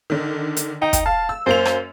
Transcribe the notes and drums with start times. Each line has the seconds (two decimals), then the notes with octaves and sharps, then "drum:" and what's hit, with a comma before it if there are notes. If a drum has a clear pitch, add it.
0.10 D3 D#3
0.57 drum: hi-hat
0.82 D#4 G5
0.93 drum: kick, hi-hat
1.06 F5 A5
1.29 E6
1.46 F#2 A#3 C5 F7
1.65 drum: rim click